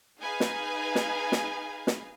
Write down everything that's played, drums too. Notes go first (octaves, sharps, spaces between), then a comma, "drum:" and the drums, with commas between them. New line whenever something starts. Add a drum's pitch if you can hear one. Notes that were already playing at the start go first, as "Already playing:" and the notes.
D#4 G#4 B4 F5 G#5
drum: snare
drum: snare
drum: snare
drum: snare